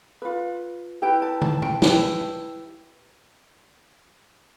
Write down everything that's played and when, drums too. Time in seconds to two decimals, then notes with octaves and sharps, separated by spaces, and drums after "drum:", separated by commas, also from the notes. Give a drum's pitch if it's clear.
0.22 F4 B4
1.02 E4 G4 B4 G5
1.22 A5
1.42 A5, drum: tom
1.62 G5, drum: tom
1.82 E4 G4 B4 A5, drum: snare